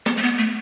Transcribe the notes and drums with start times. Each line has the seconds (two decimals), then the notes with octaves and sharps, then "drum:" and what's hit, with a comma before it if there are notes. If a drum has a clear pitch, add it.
0.06 B3, drum: snare
0.17 A3
0.22 B3
0.38 A3